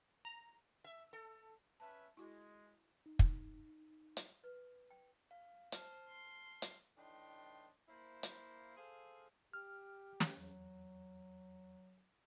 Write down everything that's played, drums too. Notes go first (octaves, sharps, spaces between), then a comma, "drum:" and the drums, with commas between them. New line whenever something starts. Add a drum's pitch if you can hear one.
A#5
E5
A4
C#4 B4 E5 A5
G#3 E4 F#4
D#4
drum: kick
drum: hi-hat
B4
G5
F5
C5 A5 F6, drum: hi-hat
C6
drum: hi-hat
A2 E3 D4 D#4 G5 C6
A#3 E4 C5
drum: hi-hat
G#4 A4 C5 F5
G4 F6
drum: snare
E2 F#3